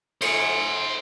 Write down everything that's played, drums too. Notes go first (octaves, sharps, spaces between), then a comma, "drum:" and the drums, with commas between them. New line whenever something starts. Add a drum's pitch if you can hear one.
C5 G#5, drum: cymbal